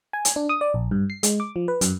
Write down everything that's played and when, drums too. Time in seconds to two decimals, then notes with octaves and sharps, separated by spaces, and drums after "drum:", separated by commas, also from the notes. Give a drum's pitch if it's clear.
0.13 G#5
0.25 drum: hi-hat
0.36 D4
0.49 D#6
0.61 D5
0.74 A#1
0.91 G2
1.10 C7
1.23 G#3, drum: hi-hat
1.40 D6
1.56 F3
1.68 B4
1.81 F#2, drum: hi-hat